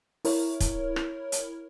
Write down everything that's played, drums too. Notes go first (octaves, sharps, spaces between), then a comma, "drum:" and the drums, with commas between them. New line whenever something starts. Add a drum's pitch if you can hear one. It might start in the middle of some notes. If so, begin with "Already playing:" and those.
E4 A#4 C#5, drum: open hi-hat
drum: kick, hi-hat
drum: rim click
drum: hi-hat